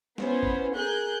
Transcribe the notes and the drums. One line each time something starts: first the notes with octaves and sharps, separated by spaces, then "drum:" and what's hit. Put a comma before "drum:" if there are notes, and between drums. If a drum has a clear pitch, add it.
B3 C#4 E4 B4 C5, drum: snare
drum: kick
G#4 A#4 G#5 F#6 G6